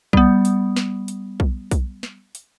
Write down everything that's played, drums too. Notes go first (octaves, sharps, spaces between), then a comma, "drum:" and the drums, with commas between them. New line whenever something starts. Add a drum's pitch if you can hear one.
G3 B3, drum: kick B1
drum: hi-hat
drum: snare
drum: hi-hat
drum: kick B1
drum: kick B1, hi-hat
drum: snare
drum: hi-hat